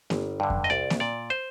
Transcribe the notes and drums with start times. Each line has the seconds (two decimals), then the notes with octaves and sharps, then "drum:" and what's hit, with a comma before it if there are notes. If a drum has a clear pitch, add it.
0.10 G1, drum: snare A#3
0.40 G2 D3
0.50 drum: kick F2
0.64 D#5
0.70 C2 D5
0.90 drum: snare A#3
1.00 A#2 D5
1.30 C5